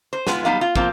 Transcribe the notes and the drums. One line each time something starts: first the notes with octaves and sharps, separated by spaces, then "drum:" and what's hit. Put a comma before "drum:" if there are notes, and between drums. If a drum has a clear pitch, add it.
C5
G#3 B3 F4 B4 G#5, drum: snare
F#3 G3 B3 D#4 F5
F4
F3 A#3 C4 F4, drum: kick